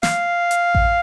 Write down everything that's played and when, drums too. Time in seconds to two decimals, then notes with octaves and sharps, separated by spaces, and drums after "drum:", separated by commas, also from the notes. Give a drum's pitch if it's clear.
0.03 F5, drum: snare
0.51 drum: hi-hat
0.75 drum: kick A1